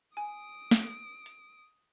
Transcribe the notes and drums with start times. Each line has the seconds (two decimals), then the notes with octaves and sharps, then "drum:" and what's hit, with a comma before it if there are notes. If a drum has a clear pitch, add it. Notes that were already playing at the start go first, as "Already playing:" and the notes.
0.17 G#5 D#6 D7
0.71 drum: snare
1.26 drum: hi-hat